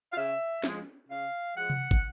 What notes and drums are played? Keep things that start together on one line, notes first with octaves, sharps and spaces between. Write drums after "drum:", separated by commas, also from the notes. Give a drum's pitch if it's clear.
F5
C#3 E5
F3 G#3, drum: snare
C#3 F5
F3 G#3 F#5
drum: tom C3
drum: kick